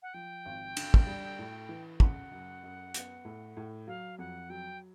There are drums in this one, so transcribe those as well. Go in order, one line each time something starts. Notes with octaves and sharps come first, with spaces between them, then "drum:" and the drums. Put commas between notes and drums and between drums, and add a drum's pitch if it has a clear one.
F#5
F3 G5
G#1
D3, drum: cymbal
drum: kick
G3
A2
E3
C#3 F#5, drum: kick
F#2
F#2
B3, drum: hi-hat
A2
A2
F#3 F5
F2 F#5
F#3 G5